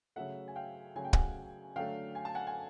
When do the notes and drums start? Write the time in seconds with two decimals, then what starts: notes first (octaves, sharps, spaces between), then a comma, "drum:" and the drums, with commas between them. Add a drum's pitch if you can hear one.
0.16 C#3 F#3 A3 E5 F#5
0.48 G#5
0.56 F5 G5
0.96 C#3 F#3 A3 G#5
1.05 G5
1.13 F#5 G#5, drum: kick
1.76 D3 F#3 A3 F5 G5
2.15 G#5
2.25 A5
2.35 F#5 G#5
2.47 G#5